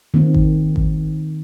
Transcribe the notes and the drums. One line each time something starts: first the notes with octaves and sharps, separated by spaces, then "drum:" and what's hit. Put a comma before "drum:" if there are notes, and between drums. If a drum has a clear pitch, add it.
D#3 A#3 C4
drum: kick G#1
drum: kick G#1